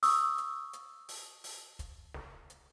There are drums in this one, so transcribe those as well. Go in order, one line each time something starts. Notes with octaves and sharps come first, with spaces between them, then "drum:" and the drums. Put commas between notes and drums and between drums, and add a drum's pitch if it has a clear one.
C#6 D#6 E6, drum: open hi-hat
drum: hi-hat
drum: hi-hat
drum: open hi-hat
drum: open hi-hat
drum: kick, hi-hat
drum: snare
drum: hi-hat